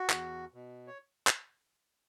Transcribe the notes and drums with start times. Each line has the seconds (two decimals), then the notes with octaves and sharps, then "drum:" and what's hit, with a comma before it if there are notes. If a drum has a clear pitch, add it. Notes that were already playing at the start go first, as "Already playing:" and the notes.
Already playing: F#4
0.10 E2, drum: clap
0.54 B2
0.87 C#5
1.27 drum: clap